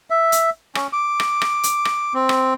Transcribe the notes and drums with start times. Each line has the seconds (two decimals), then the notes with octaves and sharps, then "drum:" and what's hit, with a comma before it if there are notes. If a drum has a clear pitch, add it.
0.10 E5
0.32 drum: hi-hat
0.75 C#4, drum: rim click
0.93 D6
1.20 drum: rim click
1.42 drum: rim click
1.63 drum: hi-hat
1.85 drum: rim click
2.14 C4
2.29 drum: rim click